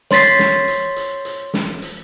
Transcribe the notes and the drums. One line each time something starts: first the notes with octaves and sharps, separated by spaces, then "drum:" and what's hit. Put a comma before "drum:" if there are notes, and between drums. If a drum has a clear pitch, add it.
C#5 C6 A6 B6 C7, drum: snare
drum: snare
drum: hi-hat
drum: hi-hat
drum: hi-hat
drum: snare
drum: hi-hat